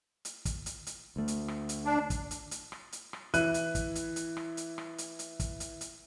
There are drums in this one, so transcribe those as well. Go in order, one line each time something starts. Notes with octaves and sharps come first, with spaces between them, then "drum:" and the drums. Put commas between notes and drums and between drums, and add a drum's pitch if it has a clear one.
drum: hi-hat
drum: kick, hi-hat
drum: hi-hat
drum: hi-hat
D2 A3
drum: hi-hat
drum: rim click
drum: hi-hat
D4
drum: kick, hi-hat
drum: hi-hat
drum: hi-hat
drum: rim click
drum: hi-hat
drum: rim click
E3 E4 F#6 D#7, drum: hi-hat
drum: hi-hat
drum: kick, hi-hat
drum: hi-hat
drum: hi-hat
drum: rim click
drum: hi-hat
drum: rim click
drum: hi-hat
drum: hi-hat
drum: kick, hi-hat
drum: hi-hat
drum: hi-hat